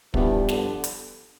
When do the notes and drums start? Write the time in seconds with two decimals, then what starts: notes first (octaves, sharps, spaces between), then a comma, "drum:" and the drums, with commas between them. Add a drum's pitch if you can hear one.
0.14 G2 E3 F3 B3 D4 G4, drum: kick
0.49 D3, drum: snare
0.84 drum: hi-hat